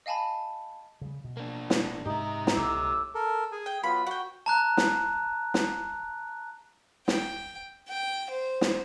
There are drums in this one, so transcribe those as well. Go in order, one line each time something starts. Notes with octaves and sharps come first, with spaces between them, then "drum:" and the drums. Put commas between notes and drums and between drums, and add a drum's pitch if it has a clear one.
D#5 F5 G#5 A5 B5
C#3 G3
B2
A#3 D4
drum: snare
G#2 C3 D#4 G4 E5
drum: snare
C2 A2 C3 A#3 D6 E6
A4 A#4
G#4 G#5
G5
F#3 B3 F4 B5
F#4 F#5 G5
A5 A#5 F#6
drum: snare
drum: snare
G5, drum: snare
G5
C5
drum: snare